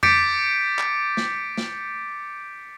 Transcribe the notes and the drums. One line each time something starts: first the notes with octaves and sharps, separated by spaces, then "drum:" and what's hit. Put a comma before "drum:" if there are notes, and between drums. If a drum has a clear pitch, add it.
D6 G6 A6 B6 C#7 D7, drum: tom F2
drum: clap
drum: snare
drum: snare